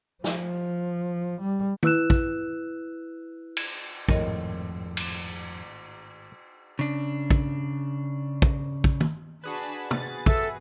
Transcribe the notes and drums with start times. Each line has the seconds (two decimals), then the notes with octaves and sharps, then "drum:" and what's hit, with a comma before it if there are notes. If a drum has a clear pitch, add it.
0.24 F3, drum: snare
1.41 G3
1.83 E4 B4 E6 F#6 E7, drum: tom
2.10 drum: kick
3.57 drum: cymbal
4.09 G#1 F2 A2 A#4 C#5 D#5, drum: kick
4.97 drum: cymbal
6.79 C#3 D4
7.31 drum: kick
8.42 drum: kick
8.84 drum: kick
9.00 drum: tom
9.44 D4 F#4 G#4 B4 A5 B5
9.91 A6, drum: tom
10.26 A4 E5, drum: kick